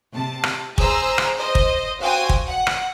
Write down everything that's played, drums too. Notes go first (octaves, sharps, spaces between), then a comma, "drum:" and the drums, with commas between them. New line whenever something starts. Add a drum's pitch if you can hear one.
C3 A5
drum: rim click
G#4 C5 A#5 E6, drum: kick
drum: rim click
C5 D#5
drum: kick
F#4 C5 F5 G5 G#5 D#6
drum: kick
F#5
drum: rim click